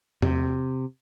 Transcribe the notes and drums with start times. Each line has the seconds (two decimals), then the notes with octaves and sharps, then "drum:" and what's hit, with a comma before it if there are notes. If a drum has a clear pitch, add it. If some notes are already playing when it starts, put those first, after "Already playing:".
0.22 C3, drum: tom E2